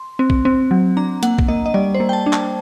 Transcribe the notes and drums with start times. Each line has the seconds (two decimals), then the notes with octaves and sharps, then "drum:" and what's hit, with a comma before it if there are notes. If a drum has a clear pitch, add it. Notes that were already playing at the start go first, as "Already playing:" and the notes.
Already playing: C6
0.19 C4
0.30 drum: kick A#1
0.45 C4
0.71 F#3
0.97 D4 A#5
1.23 A#3 F#5, drum: hi-hat
1.38 drum: kick A#1
1.48 A#3 D#5
1.66 D#5
1.74 G3 D5
1.94 C5
2.00 A#3
2.09 G5
2.13 A5
2.26 D4
2.33 A5, drum: clap